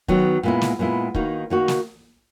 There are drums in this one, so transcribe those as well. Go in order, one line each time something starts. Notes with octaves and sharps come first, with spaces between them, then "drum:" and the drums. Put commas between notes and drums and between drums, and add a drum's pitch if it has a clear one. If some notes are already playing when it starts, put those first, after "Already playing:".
D#3 F#3 B3, drum: kick
A#2 G#3 B3 E4
drum: snare
A#2 G#3 B3 E4
D#3 A#3 D#4 F#4, drum: kick
D#3 A#3 D#4 F#4
drum: snare